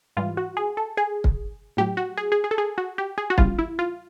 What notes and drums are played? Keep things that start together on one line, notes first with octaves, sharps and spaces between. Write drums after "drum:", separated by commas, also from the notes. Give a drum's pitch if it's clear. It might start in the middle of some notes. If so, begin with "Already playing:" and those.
G#2 E3 G3 F4
F#4
G#4
A4
G#4
drum: kick
A2 F#3 G4
F#4
G#4
G#4
G#4
A4
G#4
F#4
G4
G#4
F#4
E2 C#3 E3 G3 F4, drum: kick
E4
F4